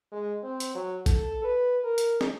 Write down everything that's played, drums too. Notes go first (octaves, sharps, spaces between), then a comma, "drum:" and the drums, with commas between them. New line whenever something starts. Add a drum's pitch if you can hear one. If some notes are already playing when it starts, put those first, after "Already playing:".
G#3
C4
drum: hi-hat
F#3
A4, drum: kick, hi-hat
B4
A#4
drum: hi-hat
drum: snare